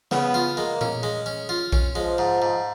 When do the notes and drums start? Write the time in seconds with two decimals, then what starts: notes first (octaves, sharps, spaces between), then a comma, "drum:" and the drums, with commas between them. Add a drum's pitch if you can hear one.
0.11 C#3 B3, drum: snare
0.34 F4
0.57 G#3 A#3
0.81 C#4, drum: tom A#2
1.03 G#3
1.26 C#4
1.49 F4
1.73 C#4, drum: kick A#1
1.95 F3 G#3
2.18 G#2
2.42 G#2